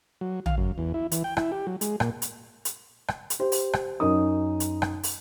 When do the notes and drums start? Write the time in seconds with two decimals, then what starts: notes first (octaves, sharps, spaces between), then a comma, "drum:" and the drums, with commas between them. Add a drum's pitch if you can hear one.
0.21 F#3
0.46 F5, drum: tom
0.57 F#2
0.78 E2
0.94 E4
1.12 E3, drum: hi-hat
1.24 G5
1.37 E4, drum: rim click
1.52 G4
1.67 F#3
1.81 G#3, drum: hi-hat
2.00 A#2, drum: rim click
2.22 drum: hi-hat
2.65 drum: hi-hat
3.08 drum: rim click
3.30 drum: hi-hat
3.39 G4 C5
3.52 drum: open hi-hat
3.73 drum: rim click
4.00 F#2 C#4 D#4 A#4 D#6
4.60 drum: hi-hat
4.82 drum: rim click
5.03 drum: open hi-hat